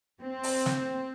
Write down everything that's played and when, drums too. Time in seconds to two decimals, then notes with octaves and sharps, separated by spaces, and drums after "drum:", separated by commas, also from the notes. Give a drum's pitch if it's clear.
0.21 C4
0.43 drum: open hi-hat
0.66 drum: snare